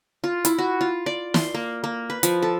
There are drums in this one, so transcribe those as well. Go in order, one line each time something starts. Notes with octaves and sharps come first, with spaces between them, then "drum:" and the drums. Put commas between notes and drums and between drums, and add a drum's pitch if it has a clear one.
F4
E4, drum: hi-hat
F#4
F4
D5
C6, drum: snare
A#3
A#3
B4
F3, drum: hi-hat
A4